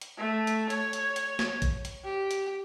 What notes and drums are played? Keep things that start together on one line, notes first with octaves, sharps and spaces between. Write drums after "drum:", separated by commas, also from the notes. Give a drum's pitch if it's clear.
drum: hi-hat
A3
drum: hi-hat
C#5, drum: hi-hat
drum: hi-hat
drum: hi-hat
drum: snare
drum: kick, hi-hat
drum: hi-hat
G4
drum: hi-hat